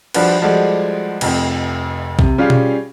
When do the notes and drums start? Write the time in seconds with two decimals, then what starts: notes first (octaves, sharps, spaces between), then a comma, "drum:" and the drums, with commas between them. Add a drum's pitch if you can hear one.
0.14 F3 G3 D4 F#4 B4, drum: cymbal
0.42 F3 G3 G#3 F#4 A4 D5
1.21 F1 F2 G5, drum: cymbal
2.19 C3, drum: kick B1
2.38 G3 C#4 F4 G4 G#4 F5
2.50 drum: tom B2